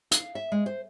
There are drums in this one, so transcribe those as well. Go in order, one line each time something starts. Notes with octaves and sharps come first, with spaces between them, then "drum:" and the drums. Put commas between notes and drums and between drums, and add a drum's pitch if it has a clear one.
F5, drum: hi-hat
E5
G#3
C5